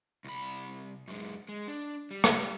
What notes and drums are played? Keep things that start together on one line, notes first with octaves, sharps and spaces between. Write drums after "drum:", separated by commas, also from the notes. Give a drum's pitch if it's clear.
C2 B5
F#2 G#3
G#3
D4
G3
drum: rim click